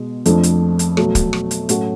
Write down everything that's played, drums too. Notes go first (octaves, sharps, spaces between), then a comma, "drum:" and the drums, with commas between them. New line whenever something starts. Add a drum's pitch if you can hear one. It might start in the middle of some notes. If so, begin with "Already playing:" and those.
Already playing: B2 G#3
F2 F3 A3 D4, drum: hi-hat
drum: hi-hat
drum: hi-hat
B2 F#3 A3, drum: rim click
drum: kick, hi-hat
drum: rim click
drum: hi-hat
A2 F#3 A3 C#4 F#4, drum: hi-hat